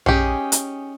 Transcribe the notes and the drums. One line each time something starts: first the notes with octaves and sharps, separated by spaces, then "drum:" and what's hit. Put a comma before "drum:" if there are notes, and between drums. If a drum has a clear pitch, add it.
C#4 D#4 G4 G#4, drum: tom A#1
drum: hi-hat